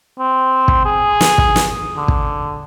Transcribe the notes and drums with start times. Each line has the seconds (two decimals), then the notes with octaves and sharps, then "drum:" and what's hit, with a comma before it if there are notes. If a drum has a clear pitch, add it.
0.19 C4
0.68 drum: kick
0.85 G#4
1.21 drum: snare
1.38 drum: kick
1.56 drum: snare
1.97 D3
2.08 drum: kick